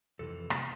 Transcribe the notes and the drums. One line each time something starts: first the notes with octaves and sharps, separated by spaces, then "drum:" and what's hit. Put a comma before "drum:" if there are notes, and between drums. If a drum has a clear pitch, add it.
F2 C3 E3 A4
drum: rim click